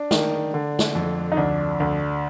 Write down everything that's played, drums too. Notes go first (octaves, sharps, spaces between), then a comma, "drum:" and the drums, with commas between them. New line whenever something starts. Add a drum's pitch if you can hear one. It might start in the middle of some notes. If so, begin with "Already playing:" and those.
Already playing: D4
D#3, drum: snare
D3
drum: snare
F2
D#4
D2 D4
D2